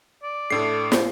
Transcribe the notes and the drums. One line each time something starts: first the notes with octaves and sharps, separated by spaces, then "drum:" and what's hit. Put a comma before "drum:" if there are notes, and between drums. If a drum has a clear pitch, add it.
D5
A2 A3 D4 A4 C7
drum: snare